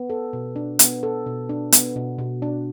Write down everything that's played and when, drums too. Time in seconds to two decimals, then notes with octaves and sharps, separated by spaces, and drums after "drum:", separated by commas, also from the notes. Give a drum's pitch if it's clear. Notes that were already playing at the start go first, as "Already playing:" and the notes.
Already playing: B3
0.10 A4
0.33 B2
0.56 D4
0.79 B3, drum: hi-hat
1.03 A4
1.26 B2
1.49 D4
1.72 B3, drum: hi-hat
1.96 B2
2.19 B2
2.42 D4